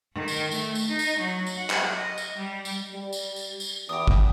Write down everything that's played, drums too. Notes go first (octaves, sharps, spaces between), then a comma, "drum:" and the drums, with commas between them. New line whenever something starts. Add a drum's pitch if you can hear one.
D#3
drum: tambourine
A3, drum: tambourine
drum: tambourine
D#4
drum: tambourine
F#3
drum: tambourine
F#5
drum: clap
D#5
drum: tambourine
G3
drum: tambourine
G3
drum: tambourine
drum: tambourine
drum: tambourine
E2 G4 D#6
drum: kick G1